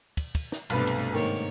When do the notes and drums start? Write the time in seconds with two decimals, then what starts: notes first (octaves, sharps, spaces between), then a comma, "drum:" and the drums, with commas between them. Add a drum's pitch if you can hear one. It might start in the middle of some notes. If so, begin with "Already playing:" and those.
0.17 drum: kick, cymbal
0.35 drum: kick, cymbal
0.52 drum: snare
0.70 B1 G2 C3 A3 B3 B4, drum: cymbal
0.87 drum: cymbal
1.13 G#2 D#3 A#3 C#5